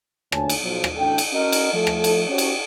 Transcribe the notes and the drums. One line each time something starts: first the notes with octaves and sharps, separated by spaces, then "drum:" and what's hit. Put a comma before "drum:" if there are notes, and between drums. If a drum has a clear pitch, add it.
D2 A#2 D4 C#5 G#5 A5, drum: rim click
drum: cymbal
B1 F3 F#3
drum: rim click
A1 D2 D4 A4 G5
drum: cymbal
C#4 F#4 A#4 D#5
drum: cymbal
F3 A3 A4
drum: rim click
drum: cymbal
C#4 F#4 G4 C5 C#5
drum: cymbal